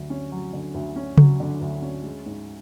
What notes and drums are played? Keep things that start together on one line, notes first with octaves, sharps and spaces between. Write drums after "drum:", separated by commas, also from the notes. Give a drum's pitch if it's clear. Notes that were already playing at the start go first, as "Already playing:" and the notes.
Already playing: D2 D3 F#3
C#4
F#3
D3
D2
C#4
F#3, drum: tom C#3
D3
D2
C#4
G#3
G#2